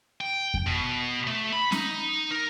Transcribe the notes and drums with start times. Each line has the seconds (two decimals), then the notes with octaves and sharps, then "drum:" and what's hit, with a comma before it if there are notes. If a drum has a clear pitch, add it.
0.21 G5
0.54 drum: kick F2
0.67 B2
1.27 A3
1.53 B5
1.72 D#4, drum: snare C#4
2.31 A#4